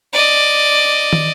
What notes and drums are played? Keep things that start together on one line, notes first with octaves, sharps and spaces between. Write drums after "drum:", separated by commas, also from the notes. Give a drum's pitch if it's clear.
D5 D#5
drum: tom